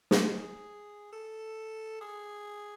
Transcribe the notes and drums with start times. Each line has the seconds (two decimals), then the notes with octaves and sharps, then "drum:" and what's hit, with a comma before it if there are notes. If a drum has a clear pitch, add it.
0.11 drum: snare
0.23 G#4
1.12 A4
2.01 G#4